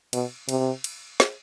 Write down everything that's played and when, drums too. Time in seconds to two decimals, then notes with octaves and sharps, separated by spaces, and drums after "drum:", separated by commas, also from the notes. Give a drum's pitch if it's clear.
0.13 B2, drum: cymbal
0.49 C3, drum: cymbal
0.84 drum: cymbal
1.20 drum: snare